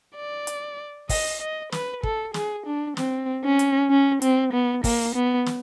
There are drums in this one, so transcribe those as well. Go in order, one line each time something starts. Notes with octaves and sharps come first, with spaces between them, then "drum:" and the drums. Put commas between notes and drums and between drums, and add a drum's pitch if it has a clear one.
D5
drum: hi-hat
D#5, drum: kick, open hi-hat
D#5
B4, drum: snare
A4, drum: kick
G#4, drum: snare
D4
C4, drum: snare
C#4
drum: hi-hat
C#4
C4, drum: hi-hat
B3
A#3, drum: kick, open hi-hat
B3
drum: snare